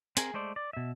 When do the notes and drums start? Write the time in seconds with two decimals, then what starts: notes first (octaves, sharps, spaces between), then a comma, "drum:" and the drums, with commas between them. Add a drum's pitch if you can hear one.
0.17 C4 G#4 A#4, drum: hi-hat
0.34 G#3 A3 C5 D5
0.56 D5
0.73 B2 E5